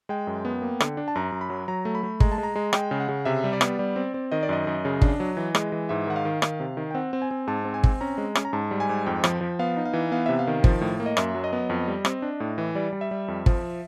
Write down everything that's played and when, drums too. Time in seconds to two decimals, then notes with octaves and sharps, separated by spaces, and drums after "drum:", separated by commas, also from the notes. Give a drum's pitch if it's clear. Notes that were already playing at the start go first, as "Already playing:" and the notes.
0.09 G#3 G5
0.27 F#2
0.45 B3
0.62 A#3
0.80 D3, drum: rim click
0.97 D4
1.08 A5
1.15 F#2 A#5
1.32 F#2
1.41 B5
1.50 F#3
1.68 F#3 A#5
1.85 A3
1.95 B5
2.03 A3
2.20 G#3 A#5, drum: kick
2.32 A5
2.38 G#3
2.43 A#5
2.56 G#3
2.73 G#3 G5, drum: rim click
2.91 C#3
3.00 F#5
3.09 C#3
3.25 C3 E5
3.44 G3
3.53 D5
3.61 B3, drum: rim click
3.79 G3
3.96 C4
4.14 C4
4.32 D#3 D#5
4.43 D5
4.49 F#2 D#5
4.67 F#2
4.85 C#3
5.02 D4, drum: kick
5.20 F#3
5.37 E3
5.55 G#3, drum: rim click
5.72 E3
5.89 G#2 E5
6.07 D#3 F#5
6.16 F5
6.25 D#3
6.42 D#3, drum: rim click
6.60 C3
6.77 D#3
6.91 G5
6.95 C4 F#5
7.13 C4
7.22 G#5
7.31 C4
7.47 G#2 A5
7.65 C4
7.74 G#5
7.84 C4, drum: kick
8.01 C#4 A#5
8.18 G#3
8.35 C#4, drum: rim click
8.45 A#5
8.53 G#2 A5
8.71 G3
8.80 G#5
8.89 G#2
9.06 F2 G5
9.24 F3, drum: rim click
9.41 F3
9.59 B3 F5
9.77 D#4
9.85 F5
9.93 E3
10.12 B3 F5
10.26 C3 E5
10.39 F5
10.47 D#3
10.64 F3, drum: kick
10.81 A2
11.00 A#3
11.06 D#5
11.17 F#2 E5, drum: rim click
11.35 F#3
11.44 D#5
11.53 B3
11.70 F2
11.88 G3
12.05 C4, drum: rim click
12.22 D4
12.40 A2
12.58 E3
12.75 G3 D5
12.93 G3
13.01 E5
13.11 G3
13.28 F2
13.46 F3, drum: kick